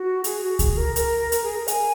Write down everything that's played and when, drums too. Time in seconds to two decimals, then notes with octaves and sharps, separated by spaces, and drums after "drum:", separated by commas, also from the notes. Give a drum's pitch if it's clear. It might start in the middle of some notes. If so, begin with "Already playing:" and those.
Already playing: F#4
0.24 G#4, drum: hi-hat
0.42 F#4
0.59 G#4, drum: kick C#2, hi-hat
0.78 A#4
0.96 A#4, drum: hi-hat
1.32 A#4, drum: hi-hat
1.44 G#4
1.55 A#4
1.68 G#5, drum: hi-hat